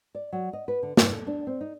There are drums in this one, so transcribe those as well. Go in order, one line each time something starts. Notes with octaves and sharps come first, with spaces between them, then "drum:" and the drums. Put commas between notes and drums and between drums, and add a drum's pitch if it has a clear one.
D5
F#3
D#5
B4
D3
G2, drum: snare
A4
D4
C4
D#4